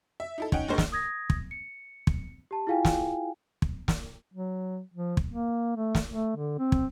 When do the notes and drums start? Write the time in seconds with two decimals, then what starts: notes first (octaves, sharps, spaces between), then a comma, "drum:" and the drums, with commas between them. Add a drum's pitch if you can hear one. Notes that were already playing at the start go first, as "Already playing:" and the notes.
0.20 E5
0.38 D#4 E4 A4
0.52 C#4 D#4 F#5 G5, drum: kick
0.68 F#1 G2 G#3 A#4 C5 C#6
0.78 drum: snare
0.92 D#6 G#6 A#6
1.30 drum: kick
1.51 C#7
2.07 drum: kick
2.51 G4 A5
2.67 E4 F4 G#4 F5 G5 G#5
2.85 drum: snare
3.62 drum: kick
3.88 drum: snare
4.34 F#3
4.94 F3
5.17 drum: kick
5.28 A#3
5.77 A3
5.95 drum: snare
6.10 A3
6.36 D3
6.59 C4
6.72 drum: kick